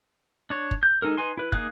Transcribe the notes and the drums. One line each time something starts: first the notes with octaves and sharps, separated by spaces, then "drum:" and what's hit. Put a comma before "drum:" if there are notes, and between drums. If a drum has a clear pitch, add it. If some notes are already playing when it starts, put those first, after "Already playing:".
D4 C#5
drum: kick
G6
G#3 D#4 A4 A#4
D#4 B4 G#5 C6
E4 B4
A#3 D#4 G#4 F5 F#6, drum: kick